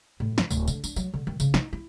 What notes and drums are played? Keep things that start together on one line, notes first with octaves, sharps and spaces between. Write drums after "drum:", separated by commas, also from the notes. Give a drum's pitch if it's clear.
A2
F#2, drum: snare
D1, drum: tambourine
D3, drum: tambourine
D4, drum: tambourine
F#3, drum: tambourine
D3
D#3
C#3, drum: tambourine
D#4, drum: snare
E4